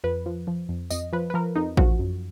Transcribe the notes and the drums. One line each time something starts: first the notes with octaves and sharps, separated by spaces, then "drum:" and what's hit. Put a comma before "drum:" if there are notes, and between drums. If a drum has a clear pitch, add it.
F2 B4
F3
F3
F2
F2 D#5, drum: tambourine
F3 B4
B4
F3 A#4
F2 D#4
F3 F#4, drum: kick A1
F#2